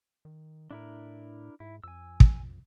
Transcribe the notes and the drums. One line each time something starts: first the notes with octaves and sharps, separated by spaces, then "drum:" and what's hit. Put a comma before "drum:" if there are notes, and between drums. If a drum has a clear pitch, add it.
D#3
A2 D4 E4 A#4
G#2 E4
F2 G#5 E6
drum: kick